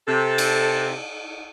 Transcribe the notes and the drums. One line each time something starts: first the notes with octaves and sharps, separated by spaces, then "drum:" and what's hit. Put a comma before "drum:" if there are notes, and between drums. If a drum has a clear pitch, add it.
C3 A4
drum: cymbal